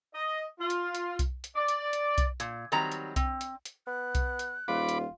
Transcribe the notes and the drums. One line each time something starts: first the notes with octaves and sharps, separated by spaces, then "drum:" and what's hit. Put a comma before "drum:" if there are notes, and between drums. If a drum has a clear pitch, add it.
D#5
F4
drum: hi-hat
drum: hi-hat
drum: kick B1, hi-hat
drum: hi-hat
D5
drum: hi-hat
drum: hi-hat
drum: kick B1, hi-hat
A#2, drum: hi-hat
D#3 F#3 G3 C4 A#5
drum: hi-hat
C4, drum: kick B1, hi-hat
drum: hi-hat
drum: hi-hat
B3 F#6
drum: kick B1, hi-hat
drum: hi-hat
D#1 F4 B5 D6
drum: hi-hat